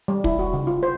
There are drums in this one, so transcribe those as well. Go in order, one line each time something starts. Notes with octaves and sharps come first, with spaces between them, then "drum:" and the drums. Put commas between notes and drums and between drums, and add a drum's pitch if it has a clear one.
G3
E4, drum: kick
F#4
C#3
F4
C5